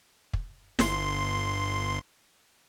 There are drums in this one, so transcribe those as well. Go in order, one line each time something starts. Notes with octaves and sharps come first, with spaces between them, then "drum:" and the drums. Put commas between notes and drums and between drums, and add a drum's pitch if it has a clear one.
drum: kick
G1 C6, drum: snare